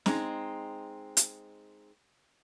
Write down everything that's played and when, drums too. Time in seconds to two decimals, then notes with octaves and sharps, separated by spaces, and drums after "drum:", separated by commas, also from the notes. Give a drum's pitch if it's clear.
0.06 G#3 C4 D#4, drum: snare C#4
1.17 drum: hi-hat